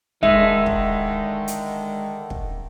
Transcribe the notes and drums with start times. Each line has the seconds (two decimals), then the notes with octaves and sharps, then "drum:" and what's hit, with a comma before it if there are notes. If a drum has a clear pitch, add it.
0.23 D3 D#3 G#3 D#4 E5, drum: kick
0.66 drum: kick
1.48 drum: hi-hat
2.30 drum: kick